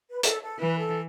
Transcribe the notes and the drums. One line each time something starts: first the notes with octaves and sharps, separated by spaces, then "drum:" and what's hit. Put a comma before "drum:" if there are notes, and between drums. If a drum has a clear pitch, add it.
B4
A4, drum: hi-hat
A4
E3 B4
A4